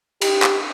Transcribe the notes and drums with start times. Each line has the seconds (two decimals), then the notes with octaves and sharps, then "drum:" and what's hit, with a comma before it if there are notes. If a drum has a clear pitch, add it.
0.21 G4, drum: cymbal
0.42 drum: clap